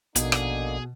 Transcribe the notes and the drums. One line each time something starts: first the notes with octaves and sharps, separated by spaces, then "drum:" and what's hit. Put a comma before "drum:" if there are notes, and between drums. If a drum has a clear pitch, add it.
A#1 B2 D3 A#3 D#4 G#4, drum: hi-hat
drum: rim click